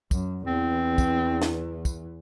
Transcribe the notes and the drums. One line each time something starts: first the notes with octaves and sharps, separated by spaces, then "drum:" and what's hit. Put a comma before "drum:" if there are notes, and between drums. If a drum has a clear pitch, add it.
F#2, drum: kick, tambourine
E2 E3 C4
drum: kick, tambourine
drum: snare
drum: kick, tambourine